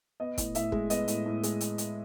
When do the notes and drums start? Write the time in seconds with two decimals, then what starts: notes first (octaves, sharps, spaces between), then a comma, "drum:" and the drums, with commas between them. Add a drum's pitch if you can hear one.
0.20 B3 D#5
0.38 A2, drum: kick, hi-hat
0.55 A2 E5, drum: hi-hat
0.72 G#3, drum: kick
0.90 B3 D#5, drum: hi-hat
1.08 A2, drum: hi-hat
1.26 A2
1.43 G#3, drum: hi-hat
1.61 drum: hi-hat
1.78 drum: hi-hat